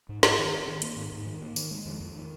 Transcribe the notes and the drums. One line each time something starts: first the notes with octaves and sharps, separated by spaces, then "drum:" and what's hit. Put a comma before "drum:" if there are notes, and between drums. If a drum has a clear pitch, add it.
G#2
G#2, drum: snare
D#3
C4
D#3
A#3, drum: hi-hat
G#2
G#2
D#3
A#3
D#3, drum: tambourine
G#3
F2
F2
D#3